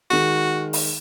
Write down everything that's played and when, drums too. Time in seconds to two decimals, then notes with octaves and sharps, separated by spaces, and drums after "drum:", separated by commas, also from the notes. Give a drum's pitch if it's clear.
0.11 D#3 G#3 F#4
0.73 drum: open hi-hat